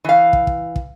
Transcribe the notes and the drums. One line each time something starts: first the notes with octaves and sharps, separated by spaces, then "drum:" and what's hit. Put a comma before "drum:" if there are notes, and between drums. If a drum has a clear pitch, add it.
E3 F5
drum: kick
drum: kick
drum: kick